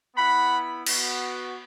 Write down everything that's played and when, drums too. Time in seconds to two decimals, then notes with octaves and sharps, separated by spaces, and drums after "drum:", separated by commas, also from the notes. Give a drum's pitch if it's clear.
0.15 B3 E4 F#5 B5
0.87 B3 F#4, drum: cymbal